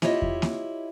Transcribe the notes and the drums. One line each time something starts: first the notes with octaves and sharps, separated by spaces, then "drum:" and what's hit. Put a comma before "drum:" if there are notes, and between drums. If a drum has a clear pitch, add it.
E4 F4 G4 C#5 D#5, drum: snare A#3
drum: kick E2
drum: snare A#3